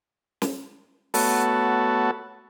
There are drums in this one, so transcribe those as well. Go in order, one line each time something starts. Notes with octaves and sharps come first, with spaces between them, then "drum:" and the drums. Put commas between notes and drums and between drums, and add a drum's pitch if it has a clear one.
drum: snare
A3 B3 F#4 A4 C#5, drum: open hi-hat